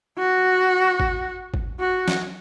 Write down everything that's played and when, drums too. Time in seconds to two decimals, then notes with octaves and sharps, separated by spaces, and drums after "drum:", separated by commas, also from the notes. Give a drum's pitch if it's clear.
0.18 F#4
1.00 drum: kick G#1
1.54 drum: kick G#1
1.80 F#4
2.08 drum: snare